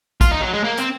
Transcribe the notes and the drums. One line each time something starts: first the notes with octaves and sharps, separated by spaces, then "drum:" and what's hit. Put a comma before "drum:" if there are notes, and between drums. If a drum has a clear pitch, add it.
F4, drum: kick, hi-hat
D#4
F#3
G#3
A#3
C4, drum: hi-hat